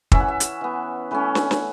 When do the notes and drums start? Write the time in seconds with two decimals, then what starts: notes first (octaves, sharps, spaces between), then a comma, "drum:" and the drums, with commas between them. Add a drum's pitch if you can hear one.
0.12 E3 C#4 E5, drum: kick
0.20 F#5
0.28 E5
0.40 drum: hi-hat
0.61 E3 B3
1.11 E3 A3 C#4 B4
1.35 drum: snare
1.51 drum: snare